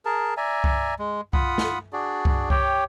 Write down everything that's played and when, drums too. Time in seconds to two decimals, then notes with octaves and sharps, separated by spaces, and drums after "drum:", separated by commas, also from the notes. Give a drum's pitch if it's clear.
0.05 G#4 A#4 A5
0.37 D5 E5 G#5 A#5
0.64 drum: kick C2
0.99 G#3
1.33 F4 F#5 B5 D#6, drum: kick C2
1.58 drum: snare
1.93 D4 F#4 G#4 D5
2.25 drum: kick C2
2.50 G4 C#5 G5, drum: kick C2